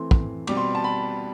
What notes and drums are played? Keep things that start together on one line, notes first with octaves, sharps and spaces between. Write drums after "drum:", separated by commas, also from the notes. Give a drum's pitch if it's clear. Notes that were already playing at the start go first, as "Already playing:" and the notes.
Already playing: E3 A3 C4 C6
drum: kick
B2 G3 C4 D6, drum: cymbal
C6
A5
B5